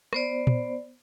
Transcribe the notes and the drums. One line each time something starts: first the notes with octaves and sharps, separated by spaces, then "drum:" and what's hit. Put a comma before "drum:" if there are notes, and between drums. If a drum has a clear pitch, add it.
B3 C5 D5, drum: rim click
drum: tom